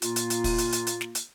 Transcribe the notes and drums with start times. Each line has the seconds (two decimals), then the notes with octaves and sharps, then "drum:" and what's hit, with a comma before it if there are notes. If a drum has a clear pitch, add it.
0.02 A#2 A#3 F4, drum: hi-hat
0.16 drum: hi-hat
0.30 drum: hi-hat
0.44 drum: kick, open hi-hat
0.58 drum: hi-hat
0.72 drum: hi-hat
0.87 drum: hi-hat
1.01 drum: snare
1.15 drum: hi-hat